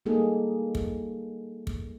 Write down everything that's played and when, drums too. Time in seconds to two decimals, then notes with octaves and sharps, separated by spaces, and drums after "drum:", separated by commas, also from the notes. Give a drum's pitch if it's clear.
0.06 G3 A#3 D#4 G#4 A4
0.75 drum: kick
1.67 drum: kick